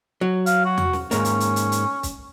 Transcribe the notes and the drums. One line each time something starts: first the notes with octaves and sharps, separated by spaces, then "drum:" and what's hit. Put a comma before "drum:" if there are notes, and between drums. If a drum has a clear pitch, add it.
F#3
F5, drum: hi-hat
F#4
drum: tom E2
drum: snare
G#2 A#3 C#4, drum: hi-hat
drum: hi-hat
drum: hi-hat
drum: hi-hat
drum: hi-hat
drum: kick, hi-hat